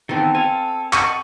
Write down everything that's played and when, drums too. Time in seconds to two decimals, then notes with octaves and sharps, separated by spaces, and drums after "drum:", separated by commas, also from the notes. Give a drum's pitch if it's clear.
0.09 D#3 E3 B3 C4 A4
0.35 C4 A4 F5 G#5
0.93 A4 D#5 F#5 C#6, drum: clap